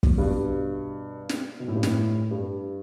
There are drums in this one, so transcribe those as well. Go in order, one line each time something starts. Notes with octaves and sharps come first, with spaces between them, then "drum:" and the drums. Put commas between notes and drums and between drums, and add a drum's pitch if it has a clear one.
drum: kick
G2 B2
drum: snare
B2
A2
G2
A2, drum: snare
G2